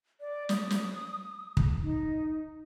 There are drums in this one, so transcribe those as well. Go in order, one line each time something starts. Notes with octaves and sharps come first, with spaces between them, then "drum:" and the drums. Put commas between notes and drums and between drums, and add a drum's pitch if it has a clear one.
D5
D#6, drum: snare
drum: snare
drum: kick
D#4